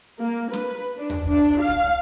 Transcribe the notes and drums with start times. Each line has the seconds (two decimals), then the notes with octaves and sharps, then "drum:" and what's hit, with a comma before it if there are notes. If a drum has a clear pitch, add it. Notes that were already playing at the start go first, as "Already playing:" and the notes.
0.20 A#3
0.53 B4, drum: snare
0.97 D4
1.10 drum: tom E2
1.26 D4, drum: kick C2
1.60 F5
1.69 drum: kick C2